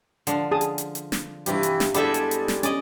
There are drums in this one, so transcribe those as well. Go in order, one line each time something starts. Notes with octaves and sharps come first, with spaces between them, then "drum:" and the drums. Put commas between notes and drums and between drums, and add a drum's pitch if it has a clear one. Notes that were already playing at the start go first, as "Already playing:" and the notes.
D3 F3 D4, drum: hi-hat
G#4 A5 D#6
drum: hi-hat
drum: hi-hat
drum: hi-hat
drum: snare
G2 C3 E3 F4 G4, drum: hi-hat
drum: hi-hat
drum: snare
G3 G#3 B3 D4 E4 G4 A4 E5, drum: hi-hat
drum: hi-hat
drum: hi-hat
drum: snare
C#4 D5 D#5 G#5, drum: hi-hat